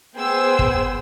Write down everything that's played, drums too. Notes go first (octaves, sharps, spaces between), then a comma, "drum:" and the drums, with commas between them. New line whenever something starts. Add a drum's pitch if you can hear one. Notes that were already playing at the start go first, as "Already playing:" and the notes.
B3 G#4 C5 G5 E6
drum: kick